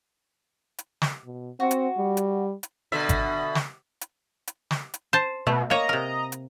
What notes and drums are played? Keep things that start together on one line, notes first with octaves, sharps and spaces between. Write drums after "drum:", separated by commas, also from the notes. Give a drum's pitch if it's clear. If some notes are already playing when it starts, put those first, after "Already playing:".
drum: hi-hat
drum: snare
B2
C4 F#4
drum: hi-hat
G3
drum: hi-hat
drum: hi-hat
B2 D3 E5
drum: kick G#1, hi-hat
drum: snare
drum: hi-hat
drum: hi-hat
drum: snare
drum: hi-hat
C5 A5
B2 A3
A#3 C#5 D#5 A#5
C3 A#4
drum: hi-hat